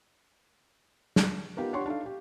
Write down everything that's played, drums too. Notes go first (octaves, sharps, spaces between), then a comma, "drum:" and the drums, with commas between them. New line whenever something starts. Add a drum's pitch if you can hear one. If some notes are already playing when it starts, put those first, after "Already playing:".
drum: snare
B3 D#4 F4 G4 A#4
D4 G4 C#5 F#5 C6 C#6
D4 D#4 A4 F5
G4